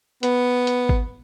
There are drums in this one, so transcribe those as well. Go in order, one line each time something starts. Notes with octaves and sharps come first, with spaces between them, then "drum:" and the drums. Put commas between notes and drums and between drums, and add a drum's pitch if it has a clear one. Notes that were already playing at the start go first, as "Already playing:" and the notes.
B3, drum: hi-hat
drum: hi-hat
drum: kick G#1